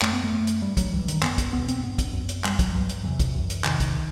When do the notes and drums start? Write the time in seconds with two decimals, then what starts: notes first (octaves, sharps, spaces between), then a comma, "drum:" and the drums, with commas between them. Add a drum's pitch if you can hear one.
0.02 F#2 A3, drum: clap
0.13 B3
0.24 A3
0.32 F#2
0.47 drum: hi-hat
0.62 G2 G3
0.77 F#3, drum: kick, hi-hat
0.92 G2 E3
1.08 D#3, drum: hi-hat
1.23 F#2 B3, drum: clap
1.38 drum: kick, hi-hat
1.53 E2 B2 B3
1.68 C4, drum: hi-hat
1.83 G2 B3
1.98 drum: kick, hi-hat
2.13 F#2
2.29 drum: hi-hat
2.44 F#2 G3, drum: clap
2.59 F#3, drum: kick, hi-hat
2.74 G2 F#3
2.89 drum: hi-hat
3.04 E2 C3 E3
3.19 drum: kick, hi-hat
3.34 F#2
3.50 drum: hi-hat
3.64 E2 C3 D#3, drum: clap
3.80 drum: kick, hi-hat